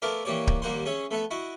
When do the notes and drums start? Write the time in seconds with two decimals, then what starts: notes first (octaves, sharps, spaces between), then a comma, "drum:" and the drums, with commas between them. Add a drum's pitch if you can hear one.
0.02 A3 B3 E4 A#4 D5 F5
0.25 E3 A#3 G4 C#5 D5
0.47 drum: kick D1
0.62 D#2 G3 A#3 C5 F#5 C6
0.86 C#4 G#4 C#5 E5
1.11 A3 B3 A4 E5
1.31 E4 F#4 D#5